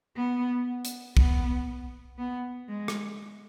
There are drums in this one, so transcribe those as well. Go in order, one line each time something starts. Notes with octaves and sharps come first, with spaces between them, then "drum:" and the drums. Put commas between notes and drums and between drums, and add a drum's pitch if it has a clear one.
B3
drum: hi-hat
B3, drum: kick B1
B3
G#3
drum: rim click